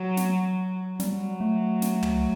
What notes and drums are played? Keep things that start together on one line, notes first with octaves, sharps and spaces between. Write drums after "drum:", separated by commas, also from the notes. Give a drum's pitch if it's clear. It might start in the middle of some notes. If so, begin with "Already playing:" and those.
Already playing: F#3
drum: snare
F#3 G3, drum: snare
A3
drum: snare
drum: tom